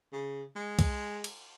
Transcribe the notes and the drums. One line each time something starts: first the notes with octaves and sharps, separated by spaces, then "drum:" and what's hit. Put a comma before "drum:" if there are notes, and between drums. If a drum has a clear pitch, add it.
C#3
G#3
drum: kick, cymbal
drum: cymbal